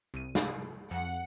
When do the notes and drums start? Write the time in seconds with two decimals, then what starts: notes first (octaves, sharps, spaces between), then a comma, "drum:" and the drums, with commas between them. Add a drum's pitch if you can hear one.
0.14 C2 D#7
0.35 drum: snare
0.91 F2 F#5